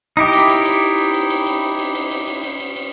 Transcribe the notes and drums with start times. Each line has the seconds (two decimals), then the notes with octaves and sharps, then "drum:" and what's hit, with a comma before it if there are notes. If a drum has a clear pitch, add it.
0.17 D#4 E4 G4
0.33 drum: cymbal
0.49 drum: cymbal
0.66 drum: cymbal
0.98 drum: cymbal
1.14 drum: cymbal
1.30 drum: cymbal
1.46 drum: cymbal
1.79 drum: cymbal
1.95 drum: cymbal
2.11 drum: cymbal
2.27 drum: cymbal
2.44 drum: cymbal
2.60 drum: cymbal
2.76 drum: cymbal